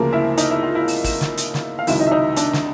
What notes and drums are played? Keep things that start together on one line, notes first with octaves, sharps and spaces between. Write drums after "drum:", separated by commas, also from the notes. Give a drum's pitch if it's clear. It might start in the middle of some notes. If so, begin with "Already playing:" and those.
Already playing: D2 C#3 F3 A#3 A#4
E4 E5
D#4 D#5, drum: hi-hat
E4 E5
F4 F5
E4 E5
drum: open hi-hat
drum: kick, open hi-hat
drum: snare
drum: hi-hat
drum: snare
F5
C#2 C3 D#3 F#3 E4 E5, drum: open hi-hat
D#4 D#5
E5
D#4 D#5
D4 D5, drum: hi-hat
drum: snare